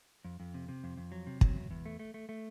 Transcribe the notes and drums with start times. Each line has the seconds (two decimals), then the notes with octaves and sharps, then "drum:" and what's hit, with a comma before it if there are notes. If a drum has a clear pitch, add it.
0.25 F2
0.40 F2
0.54 C3
0.68 C3
0.84 F2
0.97 F2
1.12 F#3
1.27 C3
1.41 F#3, drum: kick
1.55 E2
1.71 E2
1.86 A3
1.99 A3
2.14 A3
2.29 A3